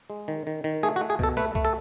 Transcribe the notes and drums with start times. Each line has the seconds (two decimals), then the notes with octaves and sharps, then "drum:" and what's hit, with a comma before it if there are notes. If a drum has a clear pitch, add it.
0.10 G#3
0.28 D#3
0.47 D#3
0.64 D#3
0.83 A3 G#4
0.96 F#4
1.01 A3
1.10 G#4
1.19 B2 A4, drum: kick C2
1.37 A3 B4
1.55 A3, drum: kick C2
1.65 A4